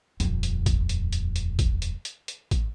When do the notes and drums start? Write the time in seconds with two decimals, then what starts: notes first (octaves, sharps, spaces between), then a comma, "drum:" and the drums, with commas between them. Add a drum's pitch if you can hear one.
0.20 D#1 F2, drum: hi-hat
0.43 drum: hi-hat
0.66 drum: kick, hi-hat
0.89 drum: hi-hat
1.13 drum: hi-hat
1.36 drum: hi-hat
1.59 drum: kick, hi-hat
1.82 drum: hi-hat
2.05 drum: hi-hat
2.28 drum: hi-hat
2.51 drum: kick, hi-hat